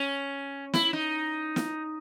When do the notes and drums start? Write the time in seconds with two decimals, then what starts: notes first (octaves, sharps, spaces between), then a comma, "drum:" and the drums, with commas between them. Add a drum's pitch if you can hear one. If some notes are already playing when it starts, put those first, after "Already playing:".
Already playing: C#4
0.74 E4, drum: snare
0.93 D#4
1.56 drum: snare